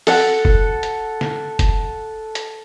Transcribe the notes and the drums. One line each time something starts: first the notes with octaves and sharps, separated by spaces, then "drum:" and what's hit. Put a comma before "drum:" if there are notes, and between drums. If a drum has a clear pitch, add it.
A4 F#5, drum: open hi-hat
drum: kick
drum: hi-hat
drum: snare
drum: kick, hi-hat
drum: hi-hat